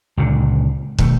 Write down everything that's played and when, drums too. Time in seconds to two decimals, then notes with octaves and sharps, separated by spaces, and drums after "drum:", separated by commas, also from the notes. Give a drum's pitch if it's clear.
0.17 C#2 A#2 D3
0.98 B2 D#3 A3, drum: kick